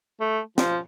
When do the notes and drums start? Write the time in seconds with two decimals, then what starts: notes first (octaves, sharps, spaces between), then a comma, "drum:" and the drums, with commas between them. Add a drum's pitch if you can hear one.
0.21 A3
0.58 F3, drum: snare